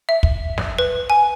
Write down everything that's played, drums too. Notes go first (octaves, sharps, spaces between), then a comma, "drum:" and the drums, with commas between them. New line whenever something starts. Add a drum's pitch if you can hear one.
E5
drum: kick
drum: snare
B4
G#5